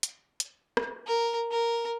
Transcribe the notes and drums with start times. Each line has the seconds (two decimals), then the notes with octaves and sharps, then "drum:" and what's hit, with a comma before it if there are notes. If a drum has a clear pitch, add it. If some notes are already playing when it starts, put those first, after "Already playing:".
0.03 drum: hi-hat
0.40 drum: hi-hat
0.77 drum: rim click
1.07 A#4
1.51 A#4